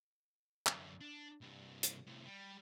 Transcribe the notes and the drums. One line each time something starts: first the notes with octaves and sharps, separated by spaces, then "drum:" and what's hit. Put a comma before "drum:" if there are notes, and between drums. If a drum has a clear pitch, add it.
F#2 D3, drum: clap
D4
C2 G2
drum: hi-hat
A2 C3
G3